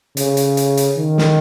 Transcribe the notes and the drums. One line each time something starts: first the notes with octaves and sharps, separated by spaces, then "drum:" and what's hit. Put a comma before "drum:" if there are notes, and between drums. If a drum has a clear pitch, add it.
C#3, drum: hi-hat
drum: hi-hat
drum: hi-hat
drum: hi-hat
D#3
drum: snare